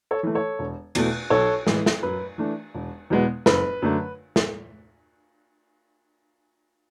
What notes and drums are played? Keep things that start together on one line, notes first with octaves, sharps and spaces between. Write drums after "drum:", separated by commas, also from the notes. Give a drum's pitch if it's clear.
A4 C#5
E3 A3
A4 C#5
E1
E2 B2 A3, drum: cymbal
B1 A4 C#5
A2 E3 G#3, drum: snare
drum: snare
F#2 B4
E3 A3 D4
E1
E2 B2 G#3 B3
F#1 B4, drum: snare
F#2 D3 A3 D4
drum: snare